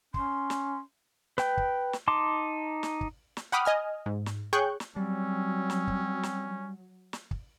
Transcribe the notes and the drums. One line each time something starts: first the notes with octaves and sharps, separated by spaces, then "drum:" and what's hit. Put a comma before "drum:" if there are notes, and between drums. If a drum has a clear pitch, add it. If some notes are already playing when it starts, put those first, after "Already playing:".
C#4 C6, drum: kick
drum: snare
B4 G5, drum: snare
drum: kick
drum: snare
D#4 A5 C6 D6
drum: snare
drum: kick
drum: snare
F#5 G5 B5 D6 D#6 F6
D#5 G#5 F6
G#2
drum: snare
G#4 C#5 G5 C#6 F#6 G6
drum: snare
F#3 G3 C4 C#4
drum: snare
drum: kick
drum: snare
drum: snare
drum: kick